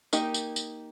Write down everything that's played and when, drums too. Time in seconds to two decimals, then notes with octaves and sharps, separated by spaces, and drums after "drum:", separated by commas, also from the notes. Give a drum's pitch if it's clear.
0.13 A#3 D#4 G4, drum: tambourine
0.34 drum: tambourine
0.56 drum: tambourine